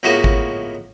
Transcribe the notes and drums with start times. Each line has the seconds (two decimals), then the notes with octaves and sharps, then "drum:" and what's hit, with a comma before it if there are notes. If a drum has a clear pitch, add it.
0.03 C#2 A2 G#3 A#3 B3 F#4
0.24 drum: kick G#1